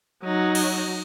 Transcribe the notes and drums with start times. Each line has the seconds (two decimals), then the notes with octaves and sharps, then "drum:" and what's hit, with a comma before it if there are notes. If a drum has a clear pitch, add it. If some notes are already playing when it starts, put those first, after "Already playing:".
0.24 F#3 D#4
0.55 drum: cymbal